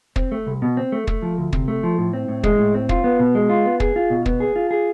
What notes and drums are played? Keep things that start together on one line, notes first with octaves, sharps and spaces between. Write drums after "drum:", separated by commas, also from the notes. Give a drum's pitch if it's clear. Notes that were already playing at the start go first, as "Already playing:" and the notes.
C4, drum: kick
A3
C2
B2
C4
A3
A3, drum: kick
F3
D2
C3, drum: kick
A3
F3
A2
C4
A2
G#3, drum: kick
A2
C4
F4, drum: kick
B3
B2
G#3
F4
B3
G#4, drum: kick
F4
B2
B3, drum: kick
G#4
F4
G#4